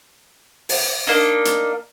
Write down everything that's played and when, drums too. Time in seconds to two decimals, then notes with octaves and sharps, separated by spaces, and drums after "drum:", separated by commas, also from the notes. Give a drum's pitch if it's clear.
0.69 drum: open hi-hat
1.07 A#3 D4 D#4
1.45 drum: hi-hat